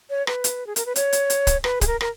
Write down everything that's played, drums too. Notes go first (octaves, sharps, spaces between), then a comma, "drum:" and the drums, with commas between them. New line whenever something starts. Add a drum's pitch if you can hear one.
C#5
B4, drum: rim click
drum: hi-hat
G#4
A#4, drum: hi-hat
B4
C#5, drum: hi-hat
drum: hi-hat
drum: hi-hat
drum: kick, hi-hat
B4, drum: rim click
G#4, drum: kick, hi-hat
A#4
A#4, drum: rim click